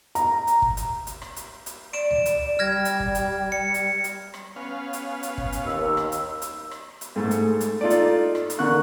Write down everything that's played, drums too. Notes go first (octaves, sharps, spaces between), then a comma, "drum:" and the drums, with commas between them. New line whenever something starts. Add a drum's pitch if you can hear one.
A#5, drum: hi-hat
drum: hi-hat
drum: kick
drum: hi-hat
drum: hi-hat
drum: rim click
drum: hi-hat
drum: hi-hat
D5 D7 E7, drum: rim click
drum: tom C#2
drum: hi-hat
G3 F6 G#6 A#6
drum: hi-hat
drum: kick
drum: hi-hat
C#7
drum: hi-hat
drum: hi-hat
drum: rim click
B3 C#4 F5 G#5
drum: hi-hat
drum: hi-hat
drum: kick
drum: hi-hat
D#2 E6
drum: rim click
drum: hi-hat
drum: hi-hat
drum: rim click
drum: hi-hat
G#2 A3
drum: hi-hat
drum: hi-hat
D#4 F4 A4 D5
drum: hi-hat
drum: rim click
drum: hi-hat
D3 A#3 C#6 F#6